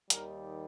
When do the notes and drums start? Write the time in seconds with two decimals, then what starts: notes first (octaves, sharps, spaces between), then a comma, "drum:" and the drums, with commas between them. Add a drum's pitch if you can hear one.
0.10 D#2 D#3 G3 A#4, drum: hi-hat